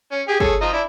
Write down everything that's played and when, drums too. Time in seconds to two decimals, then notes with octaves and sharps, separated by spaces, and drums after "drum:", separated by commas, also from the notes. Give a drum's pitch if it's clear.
0.12 C#4
0.28 G4 G#4
0.40 G#4 A4 C#5, drum: kick
0.61 F3 D#5 A#5
0.73 D4 E4